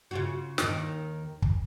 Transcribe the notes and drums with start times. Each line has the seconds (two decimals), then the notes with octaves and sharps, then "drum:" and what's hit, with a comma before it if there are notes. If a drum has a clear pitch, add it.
0.11 C#3 F4 F#4
0.58 D#2 D#3, drum: snare
1.42 drum: kick